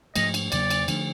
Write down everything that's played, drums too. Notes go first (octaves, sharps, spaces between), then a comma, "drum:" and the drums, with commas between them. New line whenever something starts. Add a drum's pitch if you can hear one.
G#2 F3 A3 D#5, drum: cymbal
drum: cymbal
E2 C#3 F#3 A#3 D5, drum: cymbal
drum: cymbal
D3 F3 A3 D4, drum: cymbal